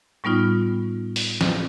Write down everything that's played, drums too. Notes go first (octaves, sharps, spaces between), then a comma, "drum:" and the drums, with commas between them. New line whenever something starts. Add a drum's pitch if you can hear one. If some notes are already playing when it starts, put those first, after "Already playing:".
A2 G3 B3 D#4 F4
drum: open hi-hat
drum: snare